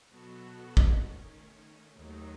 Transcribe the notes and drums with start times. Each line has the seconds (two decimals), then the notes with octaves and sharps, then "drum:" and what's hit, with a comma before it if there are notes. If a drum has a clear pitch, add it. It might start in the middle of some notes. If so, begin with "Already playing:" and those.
0.12 B2 F#3 B3 F#4 A4
0.77 drum: kick
1.05 D#3 A3 C#4
1.98 D#2 D#3 F#3 A3 D#4